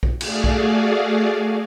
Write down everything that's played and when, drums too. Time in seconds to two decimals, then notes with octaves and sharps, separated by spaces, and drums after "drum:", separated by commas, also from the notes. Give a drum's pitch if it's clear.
0.03 drum: kick B1
0.21 A3 F#4 G#4 D5 F5, drum: cymbal
0.44 drum: kick B1